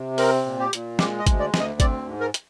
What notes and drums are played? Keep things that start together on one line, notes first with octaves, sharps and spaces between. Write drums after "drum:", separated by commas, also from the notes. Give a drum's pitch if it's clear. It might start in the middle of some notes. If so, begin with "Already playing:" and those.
Already playing: C3
C4 A#4, drum: open hi-hat
A#2
G4
A#2, drum: hi-hat
G#3 G4, drum: snare
D#5
D2, drum: kick G#1, hi-hat
D5
D2, drum: snare
D#5
C4 D5, drum: kick G#1, hi-hat
G#2
A#4
drum: hi-hat